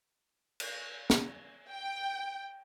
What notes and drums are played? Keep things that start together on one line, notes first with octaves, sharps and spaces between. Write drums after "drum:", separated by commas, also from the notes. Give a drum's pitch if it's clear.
drum: cymbal
drum: snare
G5